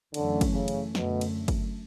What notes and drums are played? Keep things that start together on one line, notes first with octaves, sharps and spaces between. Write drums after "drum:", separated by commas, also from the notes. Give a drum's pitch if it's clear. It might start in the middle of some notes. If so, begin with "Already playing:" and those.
F#2 D3 E3 A3 C#4, drum: cymbal
drum: kick, cymbal
C#3
drum: cymbal
F#2 B2 D3 A3, drum: snare
drum: cymbal
drum: kick, cymbal